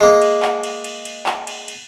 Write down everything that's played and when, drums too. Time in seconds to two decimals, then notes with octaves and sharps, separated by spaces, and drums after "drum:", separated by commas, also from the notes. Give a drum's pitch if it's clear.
0.01 G#3 A#3
0.22 drum: cymbal
0.42 drum: clap
0.63 drum: cymbal
0.84 drum: cymbal
1.05 drum: cymbal
1.26 drum: clap
1.47 drum: cymbal
1.68 drum: cymbal